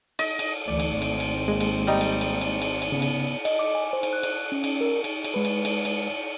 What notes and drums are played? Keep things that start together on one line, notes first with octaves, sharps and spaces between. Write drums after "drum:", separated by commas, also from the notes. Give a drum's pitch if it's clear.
D#5, drum: cymbal
drum: cymbal
D2 E3 A3 D5
drum: cymbal
G#1 C4, drum: cymbal
drum: cymbal
G#3 A#3
drum: cymbal
G3 D#4
drum: cymbal
drum: cymbal
drum: cymbal
drum: cymbal
drum: cymbal
C#3 B3
drum: cymbal
D#5, drum: cymbal
D6
G#5
C5
drum: cymbal
F#6
drum: cymbal
C#4
drum: cymbal
A#4
drum: cymbal
drum: cymbal
G#3 B4
drum: cymbal
drum: cymbal
drum: cymbal